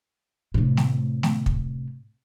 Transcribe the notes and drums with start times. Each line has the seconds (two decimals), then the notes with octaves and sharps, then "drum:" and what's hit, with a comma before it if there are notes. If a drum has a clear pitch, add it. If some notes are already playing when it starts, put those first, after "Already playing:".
0.54 A2 C3
0.77 drum: snare
1.23 drum: snare
1.46 drum: kick